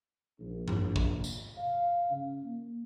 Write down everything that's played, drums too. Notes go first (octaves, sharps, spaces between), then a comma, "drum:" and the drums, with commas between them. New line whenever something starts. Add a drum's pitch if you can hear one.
A#1
drum: tom G2
drum: kick
drum: tambourine
F5
C#3
A#3